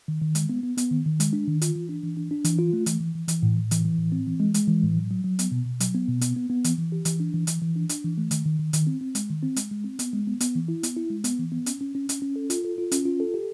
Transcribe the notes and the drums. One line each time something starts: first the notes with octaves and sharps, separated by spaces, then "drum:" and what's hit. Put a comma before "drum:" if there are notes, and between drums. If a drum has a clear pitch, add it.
D#3
D#3
G#3, drum: hi-hat
B3
B3
B3, drum: hi-hat
D#3
D#3
G#3, drum: hi-hat
D4
D#3
F4, drum: hi-hat
E3
D4
E3
D4
D4
E3, drum: hi-hat
F4
A3
E3, drum: hi-hat
E3
E3
E3, drum: hi-hat
A2
A2
E3, drum: hi-hat
E3
A2
C4
E3
G#3
G#3, drum: hi-hat
E3
A2
F#3
F#3
F#3
B3, drum: hi-hat
B2
B2
F#3, drum: hi-hat
B3
B2
B3, drum: hi-hat
B3
B3
E3, drum: hi-hat
E3
G4
E3, drum: hi-hat
D4
E3
E3, drum: hi-hat
E3
D4
D4, drum: hi-hat
E3
A3
D#3, drum: hi-hat
D#3
D#3
D#3, drum: hi-hat
C4
C4
G#3, drum: hi-hat
D#3
C4
G#3, drum: hi-hat
G#3
C4
B3, drum: hi-hat
G#3
B3
B3, drum: hi-hat
E3
E4
B3, drum: hi-hat
E4
G#3
B3, drum: hi-hat
E3
B3
C#4, drum: hi-hat
C#4
C#4
C#4, drum: hi-hat
C#4
A4
F4, drum: hi-hat
A4
F4
C#4, drum: hi-hat
F4
A4
G4